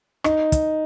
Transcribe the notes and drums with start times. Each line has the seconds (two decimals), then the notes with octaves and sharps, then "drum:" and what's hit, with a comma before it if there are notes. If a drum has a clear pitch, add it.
0.24 D#4, drum: rim click
0.52 drum: kick, hi-hat